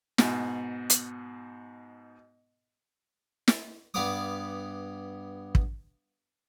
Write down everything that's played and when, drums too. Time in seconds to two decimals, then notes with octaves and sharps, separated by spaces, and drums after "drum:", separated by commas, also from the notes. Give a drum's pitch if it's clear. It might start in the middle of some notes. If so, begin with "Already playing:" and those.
0.18 G#2 B2, drum: snare
0.90 drum: hi-hat
3.48 drum: snare
3.94 G2 B3 F5 D6 D#6
5.55 drum: kick